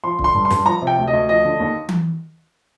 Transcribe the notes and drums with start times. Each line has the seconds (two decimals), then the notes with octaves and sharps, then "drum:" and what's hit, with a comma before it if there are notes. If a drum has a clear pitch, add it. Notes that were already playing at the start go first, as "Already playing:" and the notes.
0.04 F3 C6
0.19 D3, drum: kick
0.24 C6
0.34 G2
0.45 C6
0.50 G2, drum: snare
0.66 F3 A#5
0.82 C3
0.87 G5
0.98 D2
1.07 D#5
1.13 D2
1.29 F3 D#5
1.45 D3
1.60 D#2
1.89 drum: tom E3